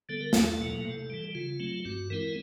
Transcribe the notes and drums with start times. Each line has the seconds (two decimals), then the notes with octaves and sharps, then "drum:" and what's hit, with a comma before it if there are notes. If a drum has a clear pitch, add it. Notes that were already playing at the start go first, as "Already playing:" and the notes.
0.09 D3 G3 B3 A4
0.21 A#4
0.33 E2 A4, drum: snare
0.59 B2 F#3 A#3
0.85 C3
1.10 E3 G3
1.35 C#3 F4
1.60 F#3 A3 C4
1.85 G2 F#4
2.10 E3 G#3 C4 E4 A#4